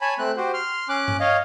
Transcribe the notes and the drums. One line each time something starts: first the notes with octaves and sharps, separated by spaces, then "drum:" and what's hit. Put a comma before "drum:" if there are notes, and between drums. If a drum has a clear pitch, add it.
C#5 G#5 A5 B5
A3 C4 F#6
F#4 G4 C5
C6 F6
C#4 D6 F#6
drum: tom G2
C#5 D#5 F5